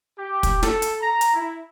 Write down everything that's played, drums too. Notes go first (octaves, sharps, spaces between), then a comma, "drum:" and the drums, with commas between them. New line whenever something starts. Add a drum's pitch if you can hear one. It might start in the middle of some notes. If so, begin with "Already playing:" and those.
G4
drum: kick, hi-hat
A4, drum: snare
drum: hi-hat
A#5
drum: hi-hat
E4